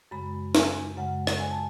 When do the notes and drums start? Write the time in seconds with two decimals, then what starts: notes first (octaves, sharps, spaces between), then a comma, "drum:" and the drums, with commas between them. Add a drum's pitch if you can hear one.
0.11 F#2 C#3 G#3 B5
0.55 G#5, drum: snare
0.97 F#2 C#3 G#3 F#5
1.27 drum: rim click
1.40 G#5
1.51 A5